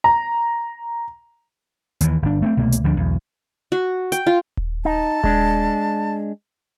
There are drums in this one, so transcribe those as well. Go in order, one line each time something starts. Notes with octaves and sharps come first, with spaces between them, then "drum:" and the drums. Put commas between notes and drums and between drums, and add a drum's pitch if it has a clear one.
A#5
D#2 E3, drum: hi-hat
G1 D4
A3 B3 C4
C2 B2 A3 A#3
drum: hi-hat
D2 F3 G#3 D4
B1 E2
F#4
G5, drum: hi-hat
F4
drum: kick D#1
D#4 A5
G#3 D4, drum: kick D#1